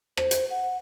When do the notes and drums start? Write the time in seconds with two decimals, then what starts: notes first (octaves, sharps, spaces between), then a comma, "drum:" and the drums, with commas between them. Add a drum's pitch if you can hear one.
0.17 C5, drum: rim click
0.31 drum: hi-hat
0.50 F#5